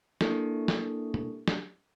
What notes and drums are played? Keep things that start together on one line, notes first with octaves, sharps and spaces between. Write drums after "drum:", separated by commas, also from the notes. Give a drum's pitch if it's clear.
A#3 D4 E4 G4 A4, drum: snare
drum: snare
drum: tom
drum: snare